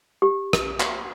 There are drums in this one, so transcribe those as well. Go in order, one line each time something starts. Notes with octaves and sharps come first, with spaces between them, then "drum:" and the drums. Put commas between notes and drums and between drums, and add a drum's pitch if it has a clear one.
G4
drum: rim click
drum: clap